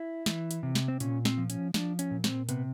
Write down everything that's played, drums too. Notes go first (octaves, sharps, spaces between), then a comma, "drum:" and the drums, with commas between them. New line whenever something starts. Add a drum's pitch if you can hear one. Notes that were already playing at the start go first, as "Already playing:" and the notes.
Already playing: E4
E3, drum: snare
drum: hi-hat
C3
drum: snare
C4
A#2 C#4, drum: hi-hat
C4, drum: snare
F3
C#4, drum: hi-hat
F3 D4, drum: snare
C#4, drum: hi-hat
A#2
C4, drum: snare
C3 B3, drum: hi-hat